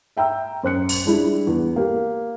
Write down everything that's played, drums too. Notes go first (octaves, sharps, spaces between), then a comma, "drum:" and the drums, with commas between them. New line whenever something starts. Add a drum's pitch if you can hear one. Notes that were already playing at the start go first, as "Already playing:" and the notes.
E5 G5 A#5 E6
F#2 C5 F#6 C#7
drum: open hi-hat
G3 G#3 D4 E4
E2
A#3 G4